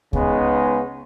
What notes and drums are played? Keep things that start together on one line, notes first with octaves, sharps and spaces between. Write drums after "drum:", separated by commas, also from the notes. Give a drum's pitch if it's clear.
C#3 G#3 B3 D#4, drum: kick C#2